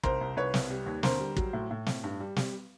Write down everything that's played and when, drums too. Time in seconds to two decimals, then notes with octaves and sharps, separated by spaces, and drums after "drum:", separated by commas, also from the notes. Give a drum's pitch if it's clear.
0.03 C2 A#4 C5, drum: kick
0.21 C2
0.37 C2 B4 C#5
0.54 C2, drum: snare
0.70 G3
0.86 D#2
1.03 D3 A#4 C5, drum: snare
1.20 G3
1.37 F#3, drum: kick
1.53 A2
1.71 A2
1.86 A2, drum: snare
2.04 G2
2.20 G3
2.36 G3, drum: snare